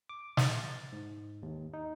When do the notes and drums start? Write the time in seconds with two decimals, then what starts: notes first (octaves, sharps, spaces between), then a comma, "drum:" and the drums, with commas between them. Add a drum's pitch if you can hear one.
0.09 D6
0.37 A6, drum: snare
0.92 G#2
1.43 D#2
1.74 D#4